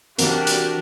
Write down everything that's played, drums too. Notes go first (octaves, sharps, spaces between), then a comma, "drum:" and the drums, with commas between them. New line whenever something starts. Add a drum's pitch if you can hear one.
E3 C4 D4 F#4 G4 A#4 F5 F#5, drum: hi-hat
drum: hi-hat